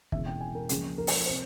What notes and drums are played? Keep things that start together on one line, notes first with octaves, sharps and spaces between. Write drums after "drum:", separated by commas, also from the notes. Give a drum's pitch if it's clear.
E1 E2 C#3 E3 E5, drum: kick
G5
G#5
A#4
C#2 C#3 F3 A#3 G#4, drum: hi-hat
A#4
drum: open hi-hat
C3 C5